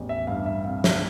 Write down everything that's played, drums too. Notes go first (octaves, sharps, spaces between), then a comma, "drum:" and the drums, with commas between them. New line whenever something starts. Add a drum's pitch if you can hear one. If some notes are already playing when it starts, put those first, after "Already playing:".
Already playing: A1 E2
E5
G2 F5
E5
C2 F5
E5, drum: snare